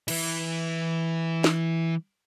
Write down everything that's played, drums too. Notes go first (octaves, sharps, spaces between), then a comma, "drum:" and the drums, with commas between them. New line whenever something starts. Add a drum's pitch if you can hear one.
E3 E4, drum: cymbal
drum: snare